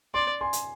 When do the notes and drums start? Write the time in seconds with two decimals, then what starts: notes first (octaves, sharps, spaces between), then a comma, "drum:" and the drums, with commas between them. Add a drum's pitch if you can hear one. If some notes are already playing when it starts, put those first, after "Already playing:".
0.14 D5 C6
0.41 G#5 C6
0.53 drum: hi-hat